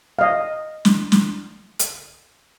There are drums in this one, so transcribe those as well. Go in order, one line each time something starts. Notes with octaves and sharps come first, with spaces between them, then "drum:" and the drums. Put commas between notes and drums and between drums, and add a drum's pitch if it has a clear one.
D#5 F5
drum: snare
drum: snare
drum: hi-hat